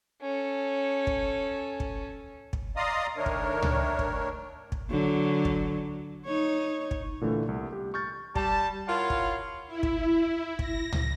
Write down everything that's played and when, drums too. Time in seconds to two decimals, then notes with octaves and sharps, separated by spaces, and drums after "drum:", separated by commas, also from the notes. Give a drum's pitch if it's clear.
0.22 C#4 A4
1.07 drum: kick
1.80 drum: kick
2.53 drum: kick
2.76 D5 D#5 F5 A#5 C6 D#6
3.17 D#3 A3 D4 A#4 C#5
3.26 drum: kick
3.62 drum: tom C#2
3.99 drum: kick
4.72 drum: kick
4.90 D3 F#3
5.45 drum: kick
6.25 D#4 C#5
6.91 drum: kick
7.21 A#2 D3 E3 A3
7.48 C2
7.73 G4
7.94 C#6 F6 G6 A6
8.36 G3 A5, drum: kick
8.88 E4 F4 A#4 C#5 F5 F#5
9.10 drum: kick
9.67 E4
9.83 drum: kick
10.59 A#6, drum: kick
10.92 drum: tom C#2